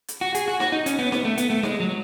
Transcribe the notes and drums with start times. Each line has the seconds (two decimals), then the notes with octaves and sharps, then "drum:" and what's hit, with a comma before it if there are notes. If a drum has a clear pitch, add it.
0.08 drum: hi-hat
0.21 F#4
0.35 G#4, drum: hi-hat
0.48 F#4
0.60 F#4, drum: snare
0.72 D#4
0.86 C#4, drum: hi-hat
0.99 B3
1.12 B3, drum: snare
1.25 A3
1.38 B3, drum: hi-hat
1.50 A3
1.63 G#3, drum: snare
1.80 F#3